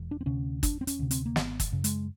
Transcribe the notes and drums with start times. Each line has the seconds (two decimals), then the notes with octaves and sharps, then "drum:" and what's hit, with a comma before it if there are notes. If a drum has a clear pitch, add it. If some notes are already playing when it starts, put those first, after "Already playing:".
Already playing: E1
0.11 D4
0.21 C4
0.26 D2 C3 C#4
0.63 E1 D4, drum: kick, hi-hat
0.81 C4
0.87 C#4, drum: hi-hat
0.99 D2 C3
1.11 C4, drum: hi-hat
1.26 A#3
1.36 G#1 B3, drum: snare
1.60 drum: kick, hi-hat
1.72 F#2 C#3
1.84 G#3, drum: hi-hat